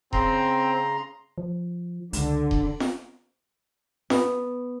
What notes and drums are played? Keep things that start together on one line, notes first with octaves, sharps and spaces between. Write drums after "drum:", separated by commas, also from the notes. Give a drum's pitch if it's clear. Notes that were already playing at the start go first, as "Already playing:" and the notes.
C#3 C4 A#5 C6, drum: kick D#1
F3
C#2 D3, drum: hi-hat
drum: kick D#1
drum: snare
B3, drum: snare